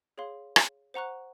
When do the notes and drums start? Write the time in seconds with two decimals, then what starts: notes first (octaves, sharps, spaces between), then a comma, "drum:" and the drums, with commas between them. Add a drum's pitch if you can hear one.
0.18 G#4 C#5 F5 C6
0.56 drum: rim click
0.94 C5 F#5 A#5 C#6 F#6